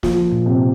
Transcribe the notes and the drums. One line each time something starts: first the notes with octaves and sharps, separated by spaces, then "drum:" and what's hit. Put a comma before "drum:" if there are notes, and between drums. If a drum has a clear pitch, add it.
F3 A#3, drum: snare
A#2
C3